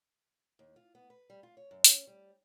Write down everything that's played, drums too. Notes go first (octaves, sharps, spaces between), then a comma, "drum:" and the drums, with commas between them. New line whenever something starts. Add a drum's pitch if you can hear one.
D#2
F4
B3
B4
G3
F4
C#5
F#2
C#4, drum: open hi-hat
G3